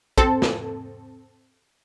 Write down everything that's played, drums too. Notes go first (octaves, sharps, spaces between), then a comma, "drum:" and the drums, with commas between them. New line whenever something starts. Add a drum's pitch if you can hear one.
C4 A4, drum: kick
drum: snare